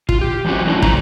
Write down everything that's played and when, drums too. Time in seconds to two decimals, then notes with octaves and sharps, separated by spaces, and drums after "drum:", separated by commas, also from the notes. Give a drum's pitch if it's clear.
0.09 F4, drum: kick
0.21 G4
0.45 E3 G3 C4 C#4 F#4
0.66 F#3 A3 D4 E4
0.82 C#3 F3 A#5, drum: kick